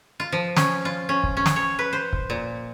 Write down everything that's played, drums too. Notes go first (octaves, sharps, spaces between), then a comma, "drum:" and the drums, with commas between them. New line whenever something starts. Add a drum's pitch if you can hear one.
F4
F3
C#4, drum: snare
F4
C#4
drum: kick
C#4
drum: snare
C#5
B4
C5
drum: kick
A#2